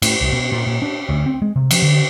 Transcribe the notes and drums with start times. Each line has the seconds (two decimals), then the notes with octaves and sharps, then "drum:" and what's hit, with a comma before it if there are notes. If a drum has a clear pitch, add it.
0.02 A2, drum: cymbal
0.21 C2
0.33 B2
0.52 A#2
0.67 A#2
0.82 D4
1.09 D2
1.26 C4
1.42 G#3
1.56 C3
1.71 F3, drum: cymbal
1.82 D3